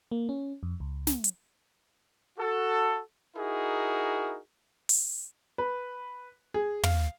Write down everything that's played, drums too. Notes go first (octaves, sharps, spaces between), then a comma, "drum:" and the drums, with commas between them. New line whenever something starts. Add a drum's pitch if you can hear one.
A#3
C#4
F2
C#2
drum: snare
drum: hi-hat
F#4 A4
D#4 E4 F#4 G#4 A#4
drum: open hi-hat
B4
G#4
F5, drum: tom